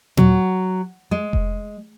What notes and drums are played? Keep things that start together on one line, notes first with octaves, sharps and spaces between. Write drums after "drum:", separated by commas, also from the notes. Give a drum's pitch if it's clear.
F#3, drum: tom A#2
G#3
drum: kick F1